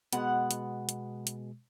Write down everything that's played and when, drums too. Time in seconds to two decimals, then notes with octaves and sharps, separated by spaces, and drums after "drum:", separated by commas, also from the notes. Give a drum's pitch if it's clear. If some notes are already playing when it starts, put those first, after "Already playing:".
0.13 B2 G#3 B3 F#5, drum: hi-hat
0.51 drum: hi-hat
0.89 drum: hi-hat
1.27 drum: hi-hat